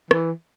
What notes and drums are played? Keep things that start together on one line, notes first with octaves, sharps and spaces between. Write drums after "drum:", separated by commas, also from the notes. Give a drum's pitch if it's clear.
E3, drum: rim click